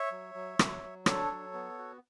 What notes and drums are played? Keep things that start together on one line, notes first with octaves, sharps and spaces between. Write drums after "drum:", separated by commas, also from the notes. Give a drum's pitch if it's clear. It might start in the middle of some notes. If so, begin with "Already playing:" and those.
Already playing: C#5 E5
F#3
F#3
F#3, drum: rim click
F#3
D4 A4 C#5, drum: rim click
F#3
B3
F#4